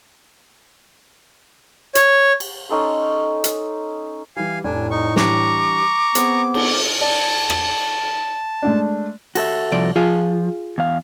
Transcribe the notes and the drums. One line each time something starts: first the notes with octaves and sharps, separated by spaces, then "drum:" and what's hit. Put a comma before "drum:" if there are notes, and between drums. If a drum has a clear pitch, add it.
C#5, drum: hi-hat
drum: cymbal
C#4 D#4 A4 C6
drum: hi-hat
E3 G3 F5 G#5
F1 A2 D4 G#5
D#4 C#6
E3 G3 D4 A#5 C#6 D6, drum: snare
B3 C4 G#4, drum: hi-hat
drum: cymbal
D5 A5
drum: rim click
G#3 A3 D4
F#4 A4 E5, drum: cymbal
C2 F3 D5
F3 F4 G#4 F5
E2 F5